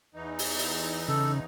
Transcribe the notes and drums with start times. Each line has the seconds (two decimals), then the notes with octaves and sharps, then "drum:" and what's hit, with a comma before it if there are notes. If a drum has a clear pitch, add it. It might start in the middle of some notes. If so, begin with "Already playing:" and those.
0.14 E2 E3 D#4
0.39 drum: open hi-hat
0.59 drum: open hi-hat
1.08 C#3 A4